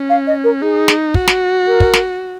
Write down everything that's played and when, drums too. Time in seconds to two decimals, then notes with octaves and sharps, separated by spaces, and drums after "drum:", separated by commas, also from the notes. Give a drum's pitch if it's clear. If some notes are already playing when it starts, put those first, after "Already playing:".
Already playing: C#4
0.09 F5
0.27 D#5
0.44 A#4
0.62 D#4 G#4
0.88 drum: snare
1.14 F#4, drum: kick
1.28 drum: snare
1.67 A#4
1.80 drum: kick
1.93 drum: snare